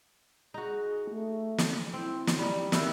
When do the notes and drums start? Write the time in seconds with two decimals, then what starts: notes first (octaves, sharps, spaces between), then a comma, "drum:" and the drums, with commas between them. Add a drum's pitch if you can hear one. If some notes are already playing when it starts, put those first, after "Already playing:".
0.54 D#4 F#4 G#4
1.10 A3
1.58 drum: snare
1.93 C4 E4
2.27 drum: snare
2.38 G3 D#4
2.72 D#3 E3 E4, drum: snare